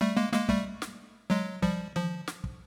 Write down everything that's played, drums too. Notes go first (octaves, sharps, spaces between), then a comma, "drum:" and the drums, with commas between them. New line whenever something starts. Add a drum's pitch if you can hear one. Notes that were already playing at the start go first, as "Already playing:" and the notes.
G3 A3
G#3 A#3
G#3 A#3, drum: snare
G3 A3, drum: kick
drum: snare
F#3 G#3
F3 G3, drum: kick
F3, drum: tom D#3
drum: snare
drum: kick